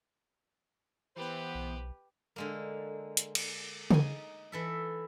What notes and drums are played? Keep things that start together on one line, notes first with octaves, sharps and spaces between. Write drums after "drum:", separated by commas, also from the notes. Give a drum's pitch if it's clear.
E3 B3 G4 B4 C5
B1
D3 G#3 A#3
drum: hi-hat
drum: cymbal
D#4 G#5, drum: tom C#3
E3 A4 E5